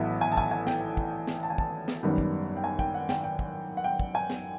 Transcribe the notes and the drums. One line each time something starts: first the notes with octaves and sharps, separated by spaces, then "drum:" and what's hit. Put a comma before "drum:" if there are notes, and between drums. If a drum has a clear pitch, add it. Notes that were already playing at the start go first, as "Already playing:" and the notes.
Already playing: A1 A2 F#3 B3 E5
G#5
A5
G#5, drum: kick
G#5
G5, drum: snare
drum: kick
drum: snare
A5
G#5
A5, drum: kick
drum: snare
G#1 F#2 D#3 G3 B3
drum: kick
G5
G#5
G5, drum: kick
F#5
G5, drum: snare
G5
drum: kick
F#5
G5
drum: kick
G#5
drum: snare